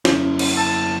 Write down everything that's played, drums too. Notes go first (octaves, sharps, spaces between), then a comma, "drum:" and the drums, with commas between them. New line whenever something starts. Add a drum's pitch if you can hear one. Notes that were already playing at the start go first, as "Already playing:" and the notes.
F#2 C#4 E4, drum: snare
drum: cymbal
A5 E6